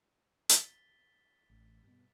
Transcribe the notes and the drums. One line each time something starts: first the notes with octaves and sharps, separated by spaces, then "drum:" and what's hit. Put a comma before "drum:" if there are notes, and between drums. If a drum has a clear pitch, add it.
A6 B6 G7, drum: hi-hat
A1
G2 B2